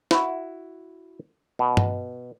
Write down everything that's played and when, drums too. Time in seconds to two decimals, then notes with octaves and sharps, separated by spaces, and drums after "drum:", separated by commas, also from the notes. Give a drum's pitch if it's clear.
0.11 E4 F#4, drum: snare
1.59 B2
1.77 drum: tom G2